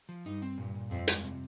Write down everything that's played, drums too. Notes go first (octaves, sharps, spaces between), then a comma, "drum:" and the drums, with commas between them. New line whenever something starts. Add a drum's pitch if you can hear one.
F3
G2 D#4
C4
G2 A#2
A#2
F2 C4
G#3, drum: hi-hat
C3